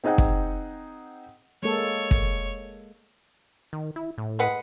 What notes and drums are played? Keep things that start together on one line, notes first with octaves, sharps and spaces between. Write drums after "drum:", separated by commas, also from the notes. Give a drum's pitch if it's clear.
C4 D#4 G#4 D#5 F#5 G5
drum: kick
G#3 A#3 A4 C#5
drum: kick
D#3
E4
A2
G#3 B4 F#5